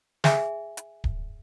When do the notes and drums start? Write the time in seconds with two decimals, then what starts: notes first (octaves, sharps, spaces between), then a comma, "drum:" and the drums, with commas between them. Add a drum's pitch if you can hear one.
0.24 G#4 E5 G#5, drum: snare
0.77 drum: hi-hat
1.04 drum: kick D1